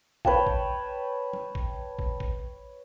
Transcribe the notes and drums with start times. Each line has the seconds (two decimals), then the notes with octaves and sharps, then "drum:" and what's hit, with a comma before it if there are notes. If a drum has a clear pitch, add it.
0.25 B4 C#5 G5 A5, drum: kick
0.46 drum: kick
1.33 drum: tom
1.55 drum: kick
1.99 drum: kick
2.20 drum: kick